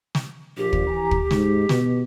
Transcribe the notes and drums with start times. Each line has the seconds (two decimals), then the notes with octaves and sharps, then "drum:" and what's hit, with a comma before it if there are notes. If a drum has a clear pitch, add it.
0.15 drum: snare
0.57 A#1 G4
0.73 drum: kick
0.88 E3 G#5 A#5
1.11 drum: kick
1.31 G#2, drum: snare
1.69 B2, drum: snare